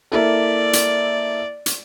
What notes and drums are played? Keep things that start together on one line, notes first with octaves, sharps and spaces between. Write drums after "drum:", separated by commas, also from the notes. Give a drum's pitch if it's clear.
A#3 E4 A4 D5
drum: hi-hat
drum: hi-hat